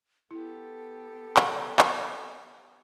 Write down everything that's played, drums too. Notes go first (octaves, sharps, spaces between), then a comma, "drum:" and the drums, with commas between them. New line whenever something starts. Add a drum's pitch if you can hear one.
B3 E4 G4 A4
drum: clap
drum: clap